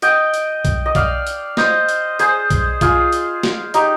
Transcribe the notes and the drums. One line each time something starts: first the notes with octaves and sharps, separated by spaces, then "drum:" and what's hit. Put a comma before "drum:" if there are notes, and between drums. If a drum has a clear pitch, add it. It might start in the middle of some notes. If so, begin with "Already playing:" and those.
D#5 G5, drum: hi-hat
drum: hi-hat
drum: kick B1, hi-hat
D#5
D5 F5, drum: kick B1, hi-hat
drum: hi-hat
C5 D#5, drum: snare
drum: hi-hat
G#4 C5, drum: hi-hat
drum: kick B1, hi-hat
F4 G#4, drum: kick B1, hi-hat
drum: hi-hat
drum: snare
D#4 G4, drum: hi-hat